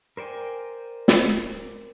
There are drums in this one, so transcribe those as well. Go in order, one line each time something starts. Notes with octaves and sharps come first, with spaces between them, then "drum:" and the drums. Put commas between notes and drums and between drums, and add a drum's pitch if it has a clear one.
A#4 C5 D5 G5 G#5
drum: snare